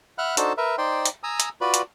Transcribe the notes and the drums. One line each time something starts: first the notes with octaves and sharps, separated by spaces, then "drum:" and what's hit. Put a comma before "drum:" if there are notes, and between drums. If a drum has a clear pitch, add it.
E5 F#5 B5 F6 F#6
D4 D#4 F#4 A4 C5 A5, drum: hi-hat
A#4 B4 E5
D#4 C5 D5 G5 C6
drum: hi-hat
G#5 A#5 D#6 E6
drum: hi-hat
F4 F#4 B4 D5 B5
drum: hi-hat